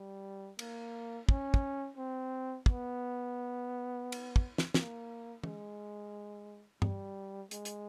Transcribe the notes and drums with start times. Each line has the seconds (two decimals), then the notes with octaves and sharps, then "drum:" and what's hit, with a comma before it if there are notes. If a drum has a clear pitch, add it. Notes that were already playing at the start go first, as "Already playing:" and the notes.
Already playing: G3
0.59 A#3, drum: cymbal
1.29 C#4, drum: kick
1.54 drum: kick
1.97 C4
2.66 B3, drum: kick
4.12 drum: cymbal
4.36 drum: kick
4.58 drum: snare
4.74 A#3, drum: snare
5.44 G#3, drum: tom
6.82 G3, drum: tom G2
7.51 G#3, drum: hi-hat
7.65 drum: hi-hat